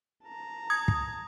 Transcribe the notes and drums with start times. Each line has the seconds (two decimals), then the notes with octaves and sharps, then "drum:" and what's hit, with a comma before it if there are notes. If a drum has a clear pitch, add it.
0.25 A5 A#5
0.70 D#6 G#6
0.88 drum: kick